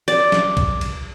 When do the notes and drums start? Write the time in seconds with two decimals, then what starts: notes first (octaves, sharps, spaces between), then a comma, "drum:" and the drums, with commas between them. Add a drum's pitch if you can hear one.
0.08 D5, drum: cymbal
0.32 drum: snare
0.57 drum: kick A#1, cymbal
0.81 drum: cymbal